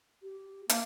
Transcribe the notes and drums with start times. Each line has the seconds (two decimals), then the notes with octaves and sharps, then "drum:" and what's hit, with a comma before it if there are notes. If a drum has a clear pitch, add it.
0.23 G4
0.69 A#3 F5, drum: hi-hat